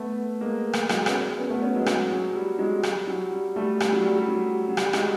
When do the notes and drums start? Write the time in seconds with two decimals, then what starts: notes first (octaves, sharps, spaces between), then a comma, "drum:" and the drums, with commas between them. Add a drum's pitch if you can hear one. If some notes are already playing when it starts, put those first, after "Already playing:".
Already playing: A3 B3
0.41 G#3 A#3
0.73 drum: rim click
0.89 F#3 G#3, drum: rim click
1.06 B3 C#4, drum: rim click
1.22 B3 C#4
1.38 B3 C#4
1.50 A3 B3
1.62 B3 C#4
1.75 F#3 G#3
1.86 F#3 G#3, drum: rim click
2.11 F#3
2.35 G3
2.59 F#3 G#3
2.83 G3, drum: rim click
3.07 F#3
3.32 G3
3.56 G3 A3
3.80 G3 A3, drum: rim click
3.92 F#3
4.04 G3
4.17 G3
4.28 F#3
4.68 F#3
4.77 G3, drum: rim click
4.93 F#3 G#3, drum: rim click